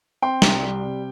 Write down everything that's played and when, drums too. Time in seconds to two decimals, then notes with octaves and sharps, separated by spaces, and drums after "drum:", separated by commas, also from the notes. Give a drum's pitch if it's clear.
0.22 C4 G5 C6
0.42 C2, drum: snare
0.63 G3
0.83 C3